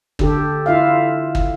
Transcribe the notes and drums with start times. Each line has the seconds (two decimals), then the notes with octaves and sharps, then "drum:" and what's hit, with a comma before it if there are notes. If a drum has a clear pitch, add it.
0.19 D3 G4 A4, drum: kick
0.66 E4 F4 E5 F5
1.35 drum: kick